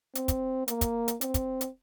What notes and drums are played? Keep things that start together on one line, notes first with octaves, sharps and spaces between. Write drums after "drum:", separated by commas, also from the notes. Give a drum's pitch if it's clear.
C4, drum: hi-hat
drum: kick, hi-hat
A#3, drum: hi-hat
drum: kick, hi-hat
drum: hi-hat
C4, drum: hi-hat
drum: kick, hi-hat
drum: hi-hat